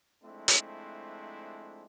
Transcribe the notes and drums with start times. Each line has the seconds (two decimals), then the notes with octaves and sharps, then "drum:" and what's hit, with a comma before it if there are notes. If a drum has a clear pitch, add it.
0.23 F3 G#3 A3 C4 D4 E4
0.48 drum: hi-hat